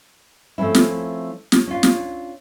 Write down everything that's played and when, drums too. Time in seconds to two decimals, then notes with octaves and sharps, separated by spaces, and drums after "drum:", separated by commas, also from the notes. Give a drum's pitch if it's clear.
0.58 F3 A3 C4 C#4 E4
0.75 drum: snare
1.52 drum: snare
1.67 C#4 D4 F4
1.83 drum: snare